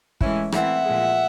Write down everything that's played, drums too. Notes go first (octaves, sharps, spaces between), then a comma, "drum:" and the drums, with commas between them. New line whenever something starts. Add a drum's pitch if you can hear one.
A2 E3 G#3 C#4 E4, drum: kick
E3 A3 C4 E4 E5 F#5, drum: rim click
A#2 F3 G#3